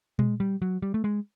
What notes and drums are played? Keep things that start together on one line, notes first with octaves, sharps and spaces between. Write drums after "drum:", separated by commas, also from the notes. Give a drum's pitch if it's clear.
G#3, drum: tom A#2
G3
F#3
G3
A3
G#3